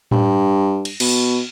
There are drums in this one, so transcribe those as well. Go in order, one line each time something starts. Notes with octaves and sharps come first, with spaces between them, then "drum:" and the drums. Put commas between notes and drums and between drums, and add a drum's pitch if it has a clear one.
G2, drum: tom A2
drum: cymbal
B2, drum: cymbal